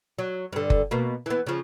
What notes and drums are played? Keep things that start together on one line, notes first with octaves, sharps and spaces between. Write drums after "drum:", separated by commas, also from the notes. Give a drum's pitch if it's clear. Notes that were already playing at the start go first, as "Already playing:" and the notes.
F#3
G2 D3
drum: kick F#1
B2 A#3
E3 B3
C#3 F3